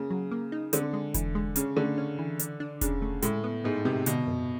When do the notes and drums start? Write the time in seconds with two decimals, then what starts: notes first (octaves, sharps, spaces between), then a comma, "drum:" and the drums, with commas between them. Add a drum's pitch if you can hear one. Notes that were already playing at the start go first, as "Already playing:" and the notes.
Already playing: C#3 A#3
0.11 F#3
0.31 A#3
0.52 D#4
0.73 D3 C4, drum: hi-hat
0.93 G#3
1.14 E3, drum: kick E1, hi-hat
1.35 G#3
1.56 C#3 C#4, drum: hi-hat
1.77 D3 A3
1.98 C#4
2.19 E3
2.39 D4, drum: hi-hat
2.60 D4
2.81 C#3 D4, drum: kick E1, hi-hat
3.02 A3
3.22 A2 G#3, drum: hi-hat
3.44 B3
3.64 G#2 B3
3.85 C3 B3
4.06 B2 D3, drum: hi-hat
4.27 F#2